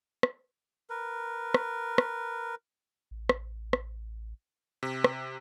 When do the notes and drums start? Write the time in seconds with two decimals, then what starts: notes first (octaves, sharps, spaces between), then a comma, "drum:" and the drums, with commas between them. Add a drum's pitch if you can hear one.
0.23 drum: rim click
0.90 A#4 B4
1.54 drum: rim click
1.98 drum: rim click
3.11 A1
3.29 drum: rim click
3.73 drum: rim click
4.83 C3
5.04 drum: rim click